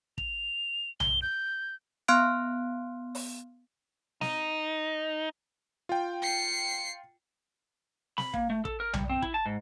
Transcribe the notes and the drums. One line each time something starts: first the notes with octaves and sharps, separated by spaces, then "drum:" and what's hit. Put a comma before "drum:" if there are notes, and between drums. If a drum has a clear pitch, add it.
F7, drum: kick
G7, drum: tom B1
G6
B3 F5 C6 F6 F#6 D7
drum: open hi-hat
D#4, drum: snare
F4 G5
C7 C#7
B5, drum: snare
A#3, drum: kick
A3
A4, drum: kick
A#4
G3, drum: tom B1
C4
E4, drum: kick
A5
G#2